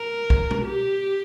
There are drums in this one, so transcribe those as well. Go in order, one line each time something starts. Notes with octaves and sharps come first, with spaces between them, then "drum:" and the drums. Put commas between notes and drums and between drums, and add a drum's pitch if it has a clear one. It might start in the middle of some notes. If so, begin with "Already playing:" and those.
Already playing: A#4
drum: kick B1
drum: tom
G4